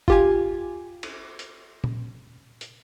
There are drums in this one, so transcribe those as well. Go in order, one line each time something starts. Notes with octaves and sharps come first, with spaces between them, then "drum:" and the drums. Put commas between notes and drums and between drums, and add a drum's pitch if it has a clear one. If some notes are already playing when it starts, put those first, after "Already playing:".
F4 G4 G#5, drum: kick
drum: cymbal
drum: hi-hat
drum: tom A#2
drum: hi-hat